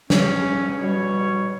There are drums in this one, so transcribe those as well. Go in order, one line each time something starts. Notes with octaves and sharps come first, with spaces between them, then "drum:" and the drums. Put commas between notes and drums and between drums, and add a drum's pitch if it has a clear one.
C#4, drum: snare
B2 G3 C#5